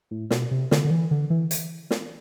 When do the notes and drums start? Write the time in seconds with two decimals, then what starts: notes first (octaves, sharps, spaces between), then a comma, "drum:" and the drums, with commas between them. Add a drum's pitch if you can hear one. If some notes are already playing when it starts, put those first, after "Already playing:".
0.11 A2
0.30 B2, drum: snare
0.51 C3
0.71 D3, drum: snare
0.84 D3
0.91 E3
1.11 D3
1.30 E3
1.51 drum: hi-hat
1.91 drum: snare